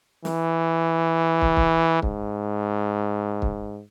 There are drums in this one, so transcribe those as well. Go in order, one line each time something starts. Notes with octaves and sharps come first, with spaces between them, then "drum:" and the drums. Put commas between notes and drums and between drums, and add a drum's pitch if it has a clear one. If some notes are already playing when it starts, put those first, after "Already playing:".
E3, drum: snare
drum: kick
drum: kick
G#2, drum: kick
drum: kick